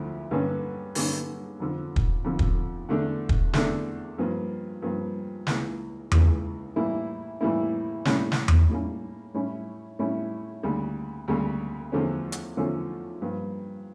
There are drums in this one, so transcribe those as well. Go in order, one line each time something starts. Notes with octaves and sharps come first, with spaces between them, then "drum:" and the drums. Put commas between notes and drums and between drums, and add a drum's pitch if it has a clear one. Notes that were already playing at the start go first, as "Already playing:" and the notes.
Already playing: D2 D3 F3 E4
G2 D3 G3 A#3 C#4
G2 D3 G3 A#3 C#4, drum: open hi-hat
F2 D3 F3
drum: kick
F2 D3 F3
drum: kick
E2 D3 A3 D4
drum: kick
E2 D3 A3 D4, drum: snare
G2 F3 A#3
G2 F3 A#3
C#2 C#3 E3 A#3, drum: snare
C#2 C#3 E3 A#3, drum: tom E2
A2 E3 G3 A#3 E4
A2 E3 G3 A#3 E4
A2 G3 A#3 C#4, drum: snare
drum: snare
drum: tom E2
A2 G3 A#3 C#4
A2 G3 C#4 E4
A2 G3 C#4 E4
D2 C#3 G3 A#3
D2 C#3 G3 A#3
E2 D3 F3 A3 C#4
drum: hi-hat
E2 D3 F3 A3 C#4
G2 F3 A#3